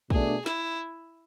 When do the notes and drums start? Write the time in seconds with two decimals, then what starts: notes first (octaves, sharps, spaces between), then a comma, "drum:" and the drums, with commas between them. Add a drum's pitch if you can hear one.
0.10 B2 A3 D4 G#4, drum: kick
0.46 E4, drum: snare